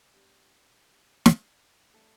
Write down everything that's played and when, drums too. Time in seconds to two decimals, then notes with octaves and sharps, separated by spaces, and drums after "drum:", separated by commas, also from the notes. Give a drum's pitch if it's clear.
0.13 B2 G3 B3 D4 G4
1.26 drum: snare
1.94 C3 E3 A3 D4 A4